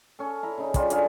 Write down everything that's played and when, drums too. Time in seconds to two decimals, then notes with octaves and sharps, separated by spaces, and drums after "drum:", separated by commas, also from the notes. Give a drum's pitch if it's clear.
0.19 C#4 A4
0.43 E4 A#5
0.58 C#3 D#4
0.74 G3 F4, drum: kick, hi-hat
0.90 D3 F#3 G#4 F5, drum: hi-hat